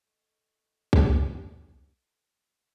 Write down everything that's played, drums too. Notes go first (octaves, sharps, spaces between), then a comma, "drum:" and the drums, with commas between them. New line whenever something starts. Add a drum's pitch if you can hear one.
A4 D#5 C#6
drum: kick